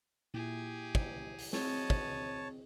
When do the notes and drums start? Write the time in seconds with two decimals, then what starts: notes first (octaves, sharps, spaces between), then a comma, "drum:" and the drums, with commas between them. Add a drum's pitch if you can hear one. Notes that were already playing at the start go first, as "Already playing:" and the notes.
0.34 A#2 E4 G4 G#4
0.95 drum: kick
1.38 drum: open hi-hat
1.53 C4 F#4 G#4 C#5 D#5 A5, drum: snare
1.90 drum: kick